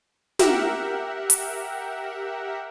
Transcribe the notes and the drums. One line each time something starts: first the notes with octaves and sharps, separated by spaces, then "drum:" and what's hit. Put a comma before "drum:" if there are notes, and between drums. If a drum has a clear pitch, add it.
G4 A#4 E5 F#5, drum: snare
drum: hi-hat